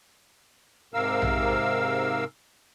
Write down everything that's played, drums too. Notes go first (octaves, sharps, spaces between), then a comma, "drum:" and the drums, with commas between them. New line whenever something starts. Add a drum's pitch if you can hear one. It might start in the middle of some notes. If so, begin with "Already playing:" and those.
G#2 C3 A#4 F5 E6
drum: tom A#1